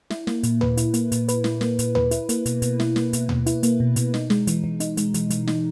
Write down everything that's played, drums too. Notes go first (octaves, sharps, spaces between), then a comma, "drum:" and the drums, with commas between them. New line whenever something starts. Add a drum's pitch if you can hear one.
E4, drum: snare
A#3, drum: snare
A#2, drum: hi-hat
B4, drum: tom D2
E4, drum: hi-hat
A#3, drum: hi-hat
A#2, drum: hi-hat
B4, drum: hi-hat
E4, drum: snare
A#3, drum: snare
A#2, drum: hi-hat
B4, drum: tom D2
E4, drum: hi-hat
A#3, drum: hi-hat
B2, drum: hi-hat
B2, drum: hi-hat
E4, drum: snare
A#3, drum: snare
B2, drum: hi-hat
B2, drum: tom D2
E4, drum: hi-hat
A#3, drum: hi-hat
B2
B2, drum: hi-hat
D#4, drum: snare
G#3, drum: snare
E3, drum: hi-hat
E3
D#4, drum: hi-hat
G#3, drum: hi-hat
E3, drum: hi-hat
E3, drum: hi-hat
D#4, drum: snare